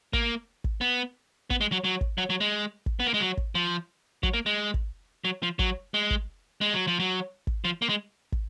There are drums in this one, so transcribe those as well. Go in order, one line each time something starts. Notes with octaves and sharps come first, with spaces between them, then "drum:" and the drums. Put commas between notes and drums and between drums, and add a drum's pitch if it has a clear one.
A#3, drum: kick
drum: kick
B3
B3, drum: kick
G#3
F#3
F#3
drum: kick
F#3
F#3
G#3
drum: kick
B3
A#3
G#3
F#3
drum: kick
F3
F#3, drum: kick
A#3
G#3
drum: kick
F#3
F3
F#3, drum: kick
G#3
drum: kick
G#3
F#3
F3
F#3
drum: kick
F3
A#3
G#3
drum: kick